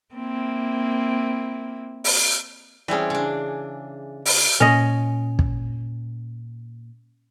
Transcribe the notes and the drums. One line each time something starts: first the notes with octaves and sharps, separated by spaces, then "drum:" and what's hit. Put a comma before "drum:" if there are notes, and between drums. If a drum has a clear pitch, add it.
A#3 C4 E4
drum: open hi-hat
E3 G3 C4 C#4 G#4
C#3 D4
drum: open hi-hat
A#2 C#4 D#5
drum: kick